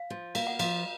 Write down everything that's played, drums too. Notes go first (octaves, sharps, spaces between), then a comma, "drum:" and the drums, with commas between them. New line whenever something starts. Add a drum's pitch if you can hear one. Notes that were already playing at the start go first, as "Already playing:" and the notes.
Already playing: F5
F3
A#3 F5, drum: cymbal
F#5
F3 F5, drum: cymbal